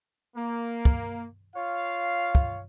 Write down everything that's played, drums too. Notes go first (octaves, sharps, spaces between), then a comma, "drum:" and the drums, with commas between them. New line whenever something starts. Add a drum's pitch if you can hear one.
A#3
drum: kick
F4 C#5 F5
drum: kick